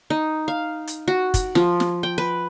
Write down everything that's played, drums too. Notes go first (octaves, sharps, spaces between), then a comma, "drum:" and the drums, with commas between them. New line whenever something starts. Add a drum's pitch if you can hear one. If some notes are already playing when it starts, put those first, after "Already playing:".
D#4
F5
drum: hi-hat
F#4
drum: kick, hi-hat
F3, drum: snare
drum: snare
G5
B4